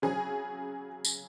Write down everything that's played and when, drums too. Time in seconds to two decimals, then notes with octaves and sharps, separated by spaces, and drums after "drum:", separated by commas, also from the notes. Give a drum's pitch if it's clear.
0.02 C#3 F#3 G#4
1.05 drum: tambourine